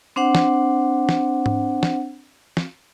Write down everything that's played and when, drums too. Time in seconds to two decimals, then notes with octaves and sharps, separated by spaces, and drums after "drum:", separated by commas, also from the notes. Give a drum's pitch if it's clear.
0.16 C4 D4 C5 F#5
0.35 drum: snare
1.09 drum: snare
1.46 drum: tom G#2
1.83 drum: snare
2.57 drum: snare